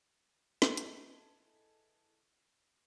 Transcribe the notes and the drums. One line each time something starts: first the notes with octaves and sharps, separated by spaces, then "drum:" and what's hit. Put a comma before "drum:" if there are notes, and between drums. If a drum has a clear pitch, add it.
drum: snare
E4 G#4 A4 B4 D#5, drum: hi-hat